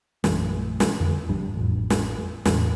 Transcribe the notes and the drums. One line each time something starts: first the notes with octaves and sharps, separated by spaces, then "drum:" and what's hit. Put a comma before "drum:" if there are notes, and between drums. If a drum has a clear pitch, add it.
A#1 F#2 E3 A3, drum: snare
drum: snare
F2 D3
G#1 F3 G3 D4
A1 F2
drum: snare
E2 A2 E3, drum: snare